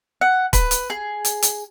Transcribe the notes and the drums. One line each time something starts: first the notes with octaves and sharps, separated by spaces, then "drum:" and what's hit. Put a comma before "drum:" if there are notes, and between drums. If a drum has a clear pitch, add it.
F#5
B4, drum: kick, hi-hat
drum: hi-hat
G#4
drum: hi-hat
drum: hi-hat